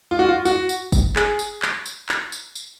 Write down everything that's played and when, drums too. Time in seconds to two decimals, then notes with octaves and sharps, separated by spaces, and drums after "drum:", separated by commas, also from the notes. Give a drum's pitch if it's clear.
0.11 F4
0.19 F#4
0.29 F4
0.45 F#4, drum: tambourine
0.69 drum: tambourine
0.92 drum: kick, tambourine
1.16 G#4, drum: clap
1.39 drum: tambourine
1.62 drum: clap
1.86 drum: tambourine
2.09 drum: clap
2.32 drum: tambourine
2.55 drum: tambourine